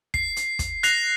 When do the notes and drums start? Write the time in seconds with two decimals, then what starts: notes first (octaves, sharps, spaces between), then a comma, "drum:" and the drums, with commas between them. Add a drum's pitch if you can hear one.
0.14 C7, drum: kick
0.36 drum: hi-hat
0.59 drum: kick, hi-hat
0.83 F#6 A#6 C7 F7, drum: hi-hat